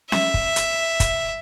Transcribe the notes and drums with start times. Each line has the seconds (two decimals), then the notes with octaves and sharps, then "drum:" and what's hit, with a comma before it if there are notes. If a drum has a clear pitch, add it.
0.12 E5, drum: snare C#4
0.34 drum: kick
0.56 drum: hi-hat
1.00 drum: kick, hi-hat